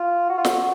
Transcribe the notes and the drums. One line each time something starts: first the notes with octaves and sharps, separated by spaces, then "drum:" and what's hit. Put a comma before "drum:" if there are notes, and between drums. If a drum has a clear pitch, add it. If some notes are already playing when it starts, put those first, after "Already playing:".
Already playing: F4
F#4
F4
F#4, drum: snare